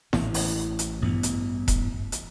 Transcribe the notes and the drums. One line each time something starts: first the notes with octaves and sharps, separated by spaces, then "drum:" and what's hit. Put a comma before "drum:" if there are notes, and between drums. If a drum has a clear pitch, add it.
A1 A2 E3, drum: snare E4
drum: open hi-hat
drum: hi-hat
A1 G2 E3 B3
drum: hi-hat
drum: kick E1, hi-hat
drum: hi-hat